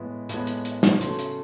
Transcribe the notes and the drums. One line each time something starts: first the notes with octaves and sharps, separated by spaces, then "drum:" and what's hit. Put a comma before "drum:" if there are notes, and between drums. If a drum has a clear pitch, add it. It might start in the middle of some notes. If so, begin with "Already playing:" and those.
Already playing: A2 E3 G#3 B3 B5
A2 E3 G#3 B3, drum: hi-hat
drum: hi-hat
drum: hi-hat
drum: snare
C#3 F#3 A3 C6, drum: hi-hat
drum: hi-hat